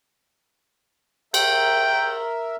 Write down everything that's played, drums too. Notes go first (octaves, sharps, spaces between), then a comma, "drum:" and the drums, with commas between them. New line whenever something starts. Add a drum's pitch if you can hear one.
A#4 E5 G5, drum: cymbal